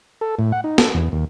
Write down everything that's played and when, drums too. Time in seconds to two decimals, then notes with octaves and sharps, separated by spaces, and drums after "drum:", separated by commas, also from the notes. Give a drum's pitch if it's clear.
0.21 A4
0.39 A2
0.52 F#5
0.64 D#4
0.78 A4, drum: snare
0.94 E2
1.12 D#2